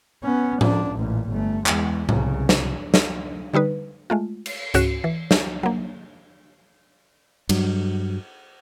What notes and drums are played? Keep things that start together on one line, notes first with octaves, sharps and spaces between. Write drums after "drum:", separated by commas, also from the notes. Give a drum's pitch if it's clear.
B3 C#4
F3 D4, drum: tom A2
A1 A#2
G1 A3
E2 G#3, drum: clap
C2 C#3, drum: tom A2
drum: snare
drum: snare
D3 G3 D#4 B4
G#3 A3 F4
drum: cymbal
C#2 G#2 C#4 F#4 C#7 E7, drum: hi-hat
E3
drum: snare
F#3 A#3
G2 F#3, drum: cymbal